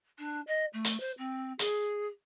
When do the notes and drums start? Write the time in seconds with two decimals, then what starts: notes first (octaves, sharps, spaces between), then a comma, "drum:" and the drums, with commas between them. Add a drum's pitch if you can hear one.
0.19 D4
0.47 D#5
0.73 A3
0.85 drum: hi-hat
1.00 C5
1.18 C4
1.59 G#4, drum: hi-hat